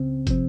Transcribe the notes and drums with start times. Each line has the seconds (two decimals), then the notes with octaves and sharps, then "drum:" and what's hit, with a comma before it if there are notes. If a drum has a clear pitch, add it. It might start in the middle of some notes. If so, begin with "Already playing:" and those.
Already playing: C#2 C#3 C4
0.27 C3 F3 C4, drum: kick, hi-hat